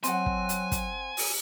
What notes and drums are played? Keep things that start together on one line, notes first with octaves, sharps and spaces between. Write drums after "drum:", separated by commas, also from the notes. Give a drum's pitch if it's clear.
F#3 C4 F#5 G#5, drum: hi-hat
drum: kick
drum: hi-hat
drum: kick, hi-hat
drum: open hi-hat